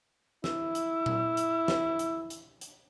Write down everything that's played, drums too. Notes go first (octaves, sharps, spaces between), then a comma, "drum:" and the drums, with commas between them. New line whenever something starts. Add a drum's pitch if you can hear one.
E4 E6, drum: snare
drum: hi-hat
drum: tom A#2
drum: hi-hat
drum: snare
drum: hi-hat
drum: hi-hat
drum: hi-hat